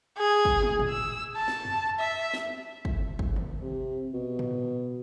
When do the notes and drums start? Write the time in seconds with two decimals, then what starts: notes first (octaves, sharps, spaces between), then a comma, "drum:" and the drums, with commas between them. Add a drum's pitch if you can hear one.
0.18 G#4
0.45 drum: kick
0.62 drum: tom
0.79 drum: tom A2
0.89 E6
1.36 A5
1.48 drum: snare
1.65 drum: tom F2
1.99 E5
2.34 drum: snare
2.85 drum: kick
3.19 drum: kick
3.36 drum: tom D3
3.62 C3
4.13 B2
4.39 drum: tom A2